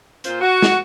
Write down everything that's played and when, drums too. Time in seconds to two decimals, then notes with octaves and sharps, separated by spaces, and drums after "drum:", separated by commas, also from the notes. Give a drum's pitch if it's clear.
0.24 A#2 F4 C5, drum: hi-hat
0.41 F#4
0.62 drum: snare